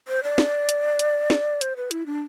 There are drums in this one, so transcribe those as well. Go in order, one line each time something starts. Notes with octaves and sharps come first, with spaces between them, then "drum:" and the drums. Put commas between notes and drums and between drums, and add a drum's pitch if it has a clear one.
C5
D5
drum: snare
drum: hi-hat
drum: hi-hat
drum: snare
C5, drum: hi-hat
B4
E4, drum: hi-hat
D4